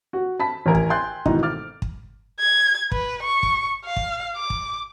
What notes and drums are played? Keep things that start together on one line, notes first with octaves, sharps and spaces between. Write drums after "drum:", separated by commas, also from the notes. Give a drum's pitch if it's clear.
F#4
A5 B5 B6
A1 A#4 G#5
drum: kick
G5 G#5 C6 F#6 G6 A6
G#2 B2 D#3 E3 D#4, drum: kick
D6 F6 A6
drum: kick
G#6
B4, drum: kick
C#6
drum: kick
F5
drum: kick
D6
drum: kick